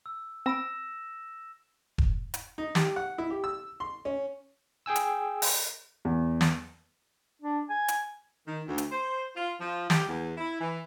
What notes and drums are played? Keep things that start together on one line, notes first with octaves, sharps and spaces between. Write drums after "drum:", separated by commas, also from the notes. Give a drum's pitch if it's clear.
E6
C4 B5 E6 A#6 D7 E7
drum: kick E1
drum: hi-hat
D#4
G4, drum: snare
F#5
E4
G4
E6
C6
C#4
G#4 G5 G#5 E6
drum: hi-hat
drum: open hi-hat
E2
drum: snare
D4
G#5
drum: hi-hat
D#3
D2
drum: hi-hat
C5
F4
F3
G4, drum: snare
E2
E4
E3